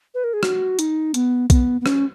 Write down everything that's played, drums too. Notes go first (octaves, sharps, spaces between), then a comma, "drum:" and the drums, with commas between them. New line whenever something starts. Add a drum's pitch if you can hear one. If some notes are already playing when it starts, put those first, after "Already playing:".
B4
A#4
G#4
F#4, drum: rim click
D#4, drum: hi-hat
B3, drum: hi-hat
B3, drum: kick B1, hi-hat
B3
C#4, drum: rim click